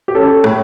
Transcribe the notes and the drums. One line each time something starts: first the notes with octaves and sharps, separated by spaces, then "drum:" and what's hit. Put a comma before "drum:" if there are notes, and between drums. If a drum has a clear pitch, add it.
G4
C#4 A4
A2, drum: rim click